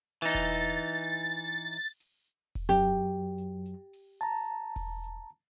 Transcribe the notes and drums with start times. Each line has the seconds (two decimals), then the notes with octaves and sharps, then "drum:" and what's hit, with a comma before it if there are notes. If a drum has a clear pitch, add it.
0.22 E3 D#4 A6
0.35 drum: kick E1, open hi-hat
0.62 drum: hi-hat
1.45 drum: hi-hat
1.73 drum: open hi-hat
2.00 drum: open hi-hat
2.55 drum: kick E1, open hi-hat
2.69 F#2 F#3 G4
2.83 drum: hi-hat
3.38 drum: hi-hat
3.66 drum: hi-hat
3.93 drum: open hi-hat
4.21 A5 A#5, drum: open hi-hat
4.76 drum: kick E1, open hi-hat
5.04 drum: hi-hat